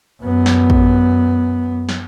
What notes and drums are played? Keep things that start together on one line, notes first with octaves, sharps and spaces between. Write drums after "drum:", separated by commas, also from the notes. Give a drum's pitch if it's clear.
F#2 B3
drum: snare
drum: kick
drum: snare